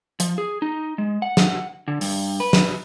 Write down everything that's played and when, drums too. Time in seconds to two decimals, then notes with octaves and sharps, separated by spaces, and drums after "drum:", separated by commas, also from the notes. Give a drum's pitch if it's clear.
0.20 F3, drum: hi-hat
0.38 G#4
0.62 D#4
0.98 G#3
1.22 F#5
1.37 drum: snare
1.88 D3
2.01 G2, drum: open hi-hat
2.40 B4
2.53 drum: snare